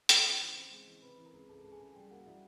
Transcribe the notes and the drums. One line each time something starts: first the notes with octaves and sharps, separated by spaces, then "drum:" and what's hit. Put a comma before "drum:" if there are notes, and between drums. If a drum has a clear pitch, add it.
E3 C5 C6, drum: hi-hat
C#3
E3
C4
G#3
E3
C3 B4 B5
E3
A#4 A#5
C#2
C#2 A4 A5
C#2
G#4 G#5
C#2
G3 G4 G5
A#3 F#4 F#5
G3 E4 E5